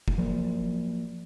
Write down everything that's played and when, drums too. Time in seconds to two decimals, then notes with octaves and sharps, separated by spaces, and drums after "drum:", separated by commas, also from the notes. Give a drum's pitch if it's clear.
0.08 drum: kick F1
0.18 F3 F#3 A#3